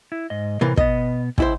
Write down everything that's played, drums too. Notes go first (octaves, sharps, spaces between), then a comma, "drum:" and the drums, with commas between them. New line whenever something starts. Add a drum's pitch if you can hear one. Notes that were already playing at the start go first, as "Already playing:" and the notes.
E4
G#2 D#5
A2 C3 E3 A#3
B2 B3 D#5, drum: kick
C#2 E4 C5, drum: kick